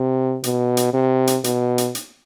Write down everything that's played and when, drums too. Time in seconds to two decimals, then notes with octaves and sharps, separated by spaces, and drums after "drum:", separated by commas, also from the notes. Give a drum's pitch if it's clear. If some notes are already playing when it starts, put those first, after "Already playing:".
Already playing: C3
0.44 B2, drum: hi-hat
0.77 drum: hi-hat
0.93 C3
1.27 drum: hi-hat
1.44 B2, drum: hi-hat
1.78 drum: hi-hat
1.95 drum: hi-hat